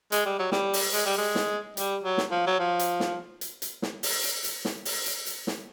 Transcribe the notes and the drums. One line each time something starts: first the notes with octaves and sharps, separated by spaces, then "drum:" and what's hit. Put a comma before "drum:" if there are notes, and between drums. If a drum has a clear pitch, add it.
G#3, drum: hi-hat
G3
F#3
G3, drum: snare
drum: open hi-hat
G#3, drum: hi-hat
G3
G#3
drum: snare
G3, drum: hi-hat
F#3
drum: snare
F3
F#3
F3
drum: hi-hat
drum: snare
drum: hi-hat
drum: hi-hat
drum: snare
drum: open hi-hat
drum: hi-hat
drum: hi-hat
drum: snare
drum: open hi-hat
drum: hi-hat
drum: hi-hat
drum: snare